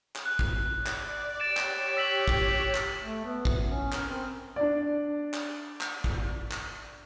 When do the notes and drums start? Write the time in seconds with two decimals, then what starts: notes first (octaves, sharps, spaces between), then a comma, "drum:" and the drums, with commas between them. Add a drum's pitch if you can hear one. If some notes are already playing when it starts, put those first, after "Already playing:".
0.16 drum: clap
0.26 F#6
0.39 drum: kick
0.75 D5
0.86 drum: clap
1.40 G4 C#5 A6 D7 E7
1.57 drum: clap
1.97 E6 B6 F#7
2.28 drum: kick
2.75 drum: clap
3.04 A3
3.25 B3
3.45 drum: kick
3.70 C#4
3.92 A#4, drum: clap
4.09 C4
4.56 D4 D5
5.34 drum: clap
5.81 drum: clap
6.04 drum: kick
6.51 drum: clap